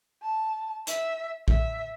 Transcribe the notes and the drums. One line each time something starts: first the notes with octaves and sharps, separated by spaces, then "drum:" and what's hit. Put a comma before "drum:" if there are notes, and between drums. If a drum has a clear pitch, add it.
A5
E5, drum: hi-hat
E5, drum: kick A#1